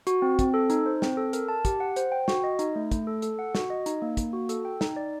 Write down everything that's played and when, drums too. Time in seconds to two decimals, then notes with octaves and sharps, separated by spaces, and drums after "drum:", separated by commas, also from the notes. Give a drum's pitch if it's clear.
0.07 F#4, drum: hi-hat
0.22 C4
0.39 C4, drum: kick, hi-hat
0.54 A4
0.70 D#4, drum: hi-hat
0.86 C5
1.02 C4, drum: snare
1.17 A4
1.33 A#4, drum: hi-hat
1.48 A5
1.65 G4, drum: kick, hi-hat
1.80 F#5
1.96 C5, drum: hi-hat
2.12 G5
2.28 F#4, drum: snare
2.44 D#5
2.59 D#4, drum: hi-hat
2.76 A3
2.91 A3, drum: kick, hi-hat
3.07 A4
3.22 A4, drum: hi-hat
3.39 F#5
3.55 F#4, drum: snare
3.70 D#5
3.86 D#4, drum: hi-hat
4.02 A#3
4.17 A#3, drum: kick, hi-hat
4.33 F#4
4.49 A4, drum: hi-hat
4.65 G5
4.81 D#4, drum: snare
4.96 D5